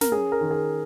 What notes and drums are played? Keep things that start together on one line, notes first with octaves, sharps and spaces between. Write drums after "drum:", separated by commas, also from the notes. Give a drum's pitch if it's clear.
A#4, drum: snare
C#4 G#4
A#4
D#3
G#4